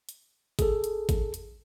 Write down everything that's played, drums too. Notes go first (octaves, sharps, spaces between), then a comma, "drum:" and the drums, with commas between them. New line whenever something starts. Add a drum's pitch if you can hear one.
drum: hi-hat
G#4 A4, drum: kick G#1, hi-hat
drum: hi-hat
drum: kick G#1, hi-hat
drum: hi-hat